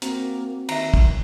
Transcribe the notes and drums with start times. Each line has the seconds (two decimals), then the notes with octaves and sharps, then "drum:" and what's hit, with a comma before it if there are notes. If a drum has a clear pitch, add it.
0.02 A#3 C4 F#4 A#4, drum: hi-hat
0.69 D#3 E5 A#5, drum: cymbal
0.94 drum: kick